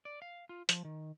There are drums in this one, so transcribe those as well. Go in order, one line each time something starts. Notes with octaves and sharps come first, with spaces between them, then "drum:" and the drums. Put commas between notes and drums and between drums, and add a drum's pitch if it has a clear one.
D5
F5
F4
F3, drum: hi-hat
D#3